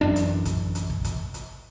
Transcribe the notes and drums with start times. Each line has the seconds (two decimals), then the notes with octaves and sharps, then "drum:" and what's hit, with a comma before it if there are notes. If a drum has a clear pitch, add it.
0.01 A1 F#2 D4
0.16 drum: hi-hat
0.45 drum: kick, hi-hat
0.75 drum: hi-hat
0.90 drum: kick
1.05 drum: kick, hi-hat
1.34 drum: hi-hat